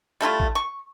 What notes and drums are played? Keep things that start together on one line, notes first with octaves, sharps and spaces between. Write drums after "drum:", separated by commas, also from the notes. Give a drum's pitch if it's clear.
G3 A3 E4 F4
drum: kick A1
C#6